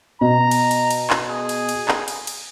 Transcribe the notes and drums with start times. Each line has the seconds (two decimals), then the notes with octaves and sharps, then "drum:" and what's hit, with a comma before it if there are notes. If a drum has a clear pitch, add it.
0.21 B2 A#5
0.51 drum: cymbal
0.71 drum: cymbal
0.91 drum: cymbal
1.10 drum: clap
1.30 G#4
1.49 drum: cymbal
1.69 drum: cymbal
1.88 drum: clap
2.08 drum: cymbal
2.27 drum: cymbal